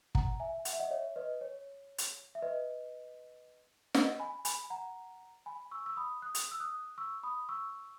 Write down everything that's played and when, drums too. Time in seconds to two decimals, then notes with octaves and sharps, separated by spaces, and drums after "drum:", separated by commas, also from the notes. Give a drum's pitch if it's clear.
0.15 F#5 A#5, drum: kick
0.40 E5 G#5
0.65 F#5, drum: hi-hat
0.73 E5
0.80 D#5 F#5
0.90 C#5 E5
1.16 B4 D#5
1.41 C#5
1.98 drum: hi-hat
2.35 E5
2.42 B4 D#5
3.94 D#5 F#5, drum: snare
4.20 G#5 B5
4.45 G#5 B5, drum: hi-hat
4.70 F#5 A#5
5.46 G#5 B5
5.71 C#6 E6
5.86 E6
5.97 B5 D#6
6.22 D#6 F#6
6.35 drum: hi-hat
6.51 E6
6.60 D#6 F#6
6.98 C#6 E6
7.23 B5 D#6
7.49 C#6 E6